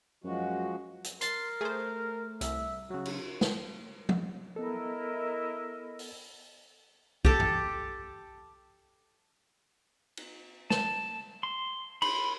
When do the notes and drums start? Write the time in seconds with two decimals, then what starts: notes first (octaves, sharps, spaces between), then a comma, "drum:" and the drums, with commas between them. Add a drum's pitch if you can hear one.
0.24 F#2 F3 G#3 F#4
1.04 drum: hi-hat
1.21 A#4 C6 A6 C7, drum: hi-hat
1.61 A3 G#4 C5
2.41 C2 E5, drum: hi-hat
2.90 C#3 F#3 F#4
3.05 drum: cymbal
3.41 drum: snare
4.09 drum: tom
4.56 B3 E4 A4 A#4 D#5
5.99 drum: open hi-hat
7.25 G4 A4, drum: kick B1
7.40 drum: tom F#2
10.17 drum: cymbal
10.70 A5, drum: snare
11.43 C6
12.02 B5 C6, drum: cymbal